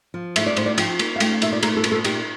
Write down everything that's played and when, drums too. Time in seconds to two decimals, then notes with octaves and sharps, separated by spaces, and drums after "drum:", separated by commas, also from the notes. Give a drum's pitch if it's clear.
0.14 F3
0.36 A2 E5, drum: cymbal
0.46 D5
0.57 A2 C5, drum: cymbal
0.66 D5
0.78 F3 G5, drum: cymbal
0.99 A#3, drum: cymbal
1.16 F5
1.20 A3 G5, drum: cymbal
1.32 F5
1.42 A#2 E5, drum: cymbal
1.52 D5
1.63 A3 A#4, drum: cymbal
1.77 A4
1.84 A#2, drum: cymbal
1.92 A4
2.05 A#2 G4, drum: cymbal